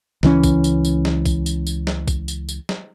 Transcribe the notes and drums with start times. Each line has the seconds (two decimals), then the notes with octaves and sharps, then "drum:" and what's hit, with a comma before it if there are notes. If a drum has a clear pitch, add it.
0.23 C#2 E3 C#4, drum: snare
0.44 drum: kick, tambourine
0.64 drum: tambourine
0.85 drum: tambourine
1.05 drum: snare
1.26 drum: kick, tambourine
1.46 drum: tambourine
1.67 drum: tambourine
1.87 drum: snare
2.08 drum: kick, tambourine
2.28 drum: tambourine
2.49 drum: tambourine
2.69 drum: snare